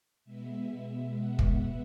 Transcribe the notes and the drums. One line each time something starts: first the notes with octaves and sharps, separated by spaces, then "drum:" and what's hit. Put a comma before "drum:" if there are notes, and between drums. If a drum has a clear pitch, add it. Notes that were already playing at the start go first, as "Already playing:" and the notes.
B2 G#3 B3 E5
F#5
drum: kick